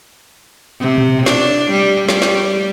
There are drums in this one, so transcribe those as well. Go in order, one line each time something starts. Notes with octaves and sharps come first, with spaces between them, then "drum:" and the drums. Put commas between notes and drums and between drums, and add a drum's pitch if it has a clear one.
C3
drum: tom A#2
D4, drum: snare
G3
G3, drum: snare
drum: snare